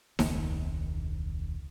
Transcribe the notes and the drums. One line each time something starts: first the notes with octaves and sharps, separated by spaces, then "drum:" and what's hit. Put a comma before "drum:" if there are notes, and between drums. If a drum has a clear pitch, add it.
E1 C#2 D#3, drum: snare D#4